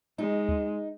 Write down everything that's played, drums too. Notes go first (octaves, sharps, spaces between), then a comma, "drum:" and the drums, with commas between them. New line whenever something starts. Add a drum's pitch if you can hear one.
G#3 D#4
drum: kick D2